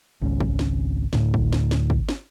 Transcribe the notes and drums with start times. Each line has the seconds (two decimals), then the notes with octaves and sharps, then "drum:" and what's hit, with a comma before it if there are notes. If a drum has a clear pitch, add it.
0.22 G#1 C#2 C#4
0.40 drum: kick
0.59 drum: snare
1.13 D2 A2, drum: snare
1.34 drum: kick
1.53 drum: snare
1.71 drum: snare
1.90 drum: kick
2.09 drum: snare